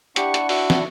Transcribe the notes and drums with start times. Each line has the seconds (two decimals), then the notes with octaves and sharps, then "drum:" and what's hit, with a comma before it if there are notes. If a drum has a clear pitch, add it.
0.16 D4 E4 G4 F#5 C#6, drum: hi-hat
0.34 drum: hi-hat
0.49 F#4 E5, drum: open hi-hat
0.70 drum: snare